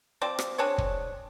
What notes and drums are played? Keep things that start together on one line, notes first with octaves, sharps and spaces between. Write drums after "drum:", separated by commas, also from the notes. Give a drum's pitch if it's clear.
F3 C4 C5 D5
drum: rim click
C4 D4 G#4 C#5
drum: kick